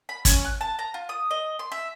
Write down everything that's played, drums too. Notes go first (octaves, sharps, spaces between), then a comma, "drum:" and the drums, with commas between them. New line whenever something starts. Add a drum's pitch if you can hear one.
B5
C#4, drum: kick, hi-hat
F#6
A5
A#5
F4
D#6
D#5
C6
E5